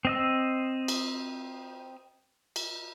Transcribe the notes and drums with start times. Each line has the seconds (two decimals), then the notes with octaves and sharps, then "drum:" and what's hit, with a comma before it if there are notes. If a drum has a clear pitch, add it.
0.05 C4 D#5 E6
0.88 drum: cymbal
2.56 drum: cymbal